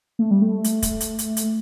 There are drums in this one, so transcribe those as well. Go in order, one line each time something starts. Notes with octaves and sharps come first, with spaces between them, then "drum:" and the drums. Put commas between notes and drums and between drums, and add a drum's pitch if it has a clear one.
A3
G3
A3
drum: hi-hat
drum: kick, hi-hat
drum: hi-hat
drum: hi-hat
drum: hi-hat